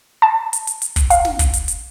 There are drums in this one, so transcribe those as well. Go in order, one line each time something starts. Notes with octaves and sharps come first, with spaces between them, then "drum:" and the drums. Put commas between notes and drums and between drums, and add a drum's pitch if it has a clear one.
A5
drum: hi-hat
drum: hi-hat
drum: hi-hat
drum: kick, hi-hat
F5, drum: hi-hat
drum: snare
drum: kick, hi-hat
drum: hi-hat
drum: hi-hat